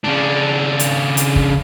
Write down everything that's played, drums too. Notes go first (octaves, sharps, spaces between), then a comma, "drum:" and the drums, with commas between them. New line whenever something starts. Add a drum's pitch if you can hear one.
C#3 D4
drum: hi-hat
drum: hi-hat
drum: kick